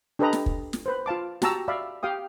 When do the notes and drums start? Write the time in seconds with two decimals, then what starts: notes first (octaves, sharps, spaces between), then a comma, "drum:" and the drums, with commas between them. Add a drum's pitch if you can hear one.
0.19 D4 G4 A4 B4 D#5 A#5
0.33 drum: snare
0.46 drum: kick
0.73 drum: snare
0.86 B4 C5
1.06 F4 F5 A5 D6
1.42 F#4 G4 A5 A#5 E6, drum: snare
1.68 D5 E5 F5 B5
2.03 G4 F5 G5 D#6